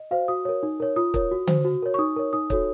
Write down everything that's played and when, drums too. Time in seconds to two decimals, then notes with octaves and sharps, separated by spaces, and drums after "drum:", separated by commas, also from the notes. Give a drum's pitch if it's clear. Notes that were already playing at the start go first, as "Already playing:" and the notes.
Already playing: D#5
0.11 F#4 C5 F5
0.28 F#4 D#6
0.45 A#4 C#5
0.63 D#4
0.80 A#4 C#5
0.96 F4 D#6
1.14 A#4 C#5, drum: kick
1.31 F#4
1.47 C5, drum: tom D3
1.65 F#4
1.82 A#4 C#5
1.94 C#6
1.99 D#4 D#6
2.16 A#4 C#5
2.33 D#4 D#6
2.50 F#4 A4 C#5, drum: kick